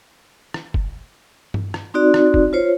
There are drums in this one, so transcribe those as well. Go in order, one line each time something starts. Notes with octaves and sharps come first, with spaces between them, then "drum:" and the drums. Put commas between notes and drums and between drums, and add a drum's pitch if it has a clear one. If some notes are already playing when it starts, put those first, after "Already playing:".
drum: rim click
drum: kick
drum: tom G2
drum: rim click
C4 D#4 F#4 D5
drum: rim click
drum: kick
F4 C5 C#5